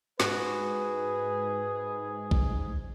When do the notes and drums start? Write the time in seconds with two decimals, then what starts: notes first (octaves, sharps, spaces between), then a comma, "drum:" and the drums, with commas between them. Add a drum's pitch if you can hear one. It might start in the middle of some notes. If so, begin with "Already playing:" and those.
0.20 G#2 F#4 G#4 B4, drum: snare
2.31 drum: kick A#1